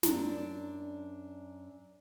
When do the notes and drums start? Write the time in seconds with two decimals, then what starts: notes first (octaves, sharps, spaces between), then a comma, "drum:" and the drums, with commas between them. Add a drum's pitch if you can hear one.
0.03 F#2 D4, drum: snare